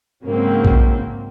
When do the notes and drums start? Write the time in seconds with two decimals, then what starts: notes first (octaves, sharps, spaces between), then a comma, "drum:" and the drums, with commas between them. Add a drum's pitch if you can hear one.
0.24 G#2 C#3 F#3 A#3 C4
0.65 drum: kick A#1